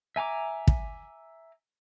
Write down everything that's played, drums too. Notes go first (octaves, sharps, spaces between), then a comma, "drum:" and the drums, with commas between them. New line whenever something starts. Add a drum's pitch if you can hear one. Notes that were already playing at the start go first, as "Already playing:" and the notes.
E5 G#5 A#5 D6
drum: kick